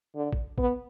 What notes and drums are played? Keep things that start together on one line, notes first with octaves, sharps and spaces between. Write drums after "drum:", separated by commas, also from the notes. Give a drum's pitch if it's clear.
D3
drum: kick A1
B3, drum: kick A1